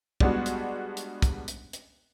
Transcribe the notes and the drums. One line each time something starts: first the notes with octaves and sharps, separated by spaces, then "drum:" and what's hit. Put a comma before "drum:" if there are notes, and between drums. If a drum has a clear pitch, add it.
G3 G#3 B3 D4 F#4, drum: kick
drum: hi-hat
drum: hi-hat
drum: kick, hi-hat
drum: hi-hat
drum: hi-hat